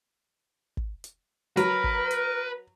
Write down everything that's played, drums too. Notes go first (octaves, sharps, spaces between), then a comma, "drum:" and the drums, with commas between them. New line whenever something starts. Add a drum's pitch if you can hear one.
drum: kick
drum: hi-hat
F#3 A#4 B4, drum: hi-hat
drum: kick
drum: hi-hat